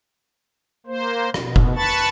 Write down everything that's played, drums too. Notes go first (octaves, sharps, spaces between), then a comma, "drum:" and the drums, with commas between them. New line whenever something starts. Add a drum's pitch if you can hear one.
A#3 C5
B2, drum: rim click
drum: kick F1
B4 A5 B5 C#6 A6